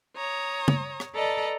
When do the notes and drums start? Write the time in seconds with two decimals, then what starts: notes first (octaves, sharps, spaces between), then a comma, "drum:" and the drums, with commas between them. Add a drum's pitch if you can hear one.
0.16 C#5 A#5 D#6
0.68 drum: tom
1.00 drum: rim click
1.15 A4 B4 D5 D#5 A5 A#5